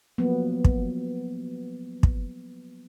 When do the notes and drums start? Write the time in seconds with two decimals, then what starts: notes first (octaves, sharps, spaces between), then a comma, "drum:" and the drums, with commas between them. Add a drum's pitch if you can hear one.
0.18 F3 F#3 A#3 B3
0.65 drum: kick
2.03 drum: kick